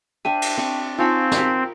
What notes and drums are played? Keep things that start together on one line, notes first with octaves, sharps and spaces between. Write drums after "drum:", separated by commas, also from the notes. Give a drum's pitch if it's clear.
D4 C5 E5 G5 A5 D#7
drum: cymbal
C4 D4 C#6
C4 D#4 F4 C#5 G#5 A5 B5
A#4 B5, drum: snare